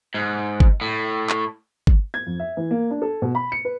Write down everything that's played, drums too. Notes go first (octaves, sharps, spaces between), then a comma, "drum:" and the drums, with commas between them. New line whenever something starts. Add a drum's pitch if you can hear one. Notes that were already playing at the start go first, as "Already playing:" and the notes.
G#2
drum: kick G1
A2
drum: clap
drum: kick G1
G#6
F2
E5
E3
A#3
D4
A4
B2
B5
C#7
B4